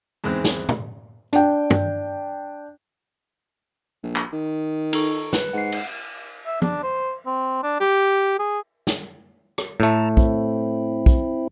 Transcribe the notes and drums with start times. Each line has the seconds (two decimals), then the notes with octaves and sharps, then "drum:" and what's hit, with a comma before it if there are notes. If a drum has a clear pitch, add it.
0.24 E2 G#2 G#3 C4 F#6
0.44 drum: snare
0.69 drum: tom
1.33 D4 G5, drum: hi-hat
1.70 drum: tom
4.03 A#1
4.16 drum: clap
4.33 D#3
4.93 D#4 A4 C#6, drum: cymbal
5.33 B4, drum: snare
5.53 G#2 F#5 C7
5.72 drum: cymbal
6.46 E5
6.62 D4, drum: tom
6.83 C5
7.26 C4
7.63 D4
7.80 G4
8.39 G#4
8.87 drum: snare
9.58 drum: rim click
9.80 A2 A3 A5 A#5
10.17 C4 E4, drum: kick
11.06 drum: kick